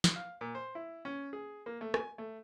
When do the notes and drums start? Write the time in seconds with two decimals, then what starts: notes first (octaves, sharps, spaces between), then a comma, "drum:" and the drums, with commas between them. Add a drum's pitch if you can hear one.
0.04 drum: snare
0.16 F5
0.41 A#2
0.55 C5
0.75 E4
1.05 C#4
1.33 G#4
1.66 A#3
1.81 A3
1.94 G#5, drum: rim click
2.18 A3